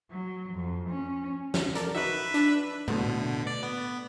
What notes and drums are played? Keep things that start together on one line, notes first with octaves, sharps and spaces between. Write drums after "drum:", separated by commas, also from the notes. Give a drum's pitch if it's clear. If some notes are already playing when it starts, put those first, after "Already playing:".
F#3
F2
C#4
drum: snare
A4 A#4 D5, drum: hi-hat
D#4 F#4 B4 E5
D4, drum: hi-hat
B2 D3 A3, drum: tom A2
D5
B3